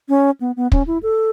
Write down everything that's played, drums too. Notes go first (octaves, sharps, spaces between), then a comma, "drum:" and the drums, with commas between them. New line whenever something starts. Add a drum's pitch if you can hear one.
C#4
B3
B3
C#4, drum: kick
E4
A4